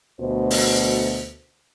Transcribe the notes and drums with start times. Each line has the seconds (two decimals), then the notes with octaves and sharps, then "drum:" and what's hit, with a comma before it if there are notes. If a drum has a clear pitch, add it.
0.20 D2 B2 C5
0.50 drum: open hi-hat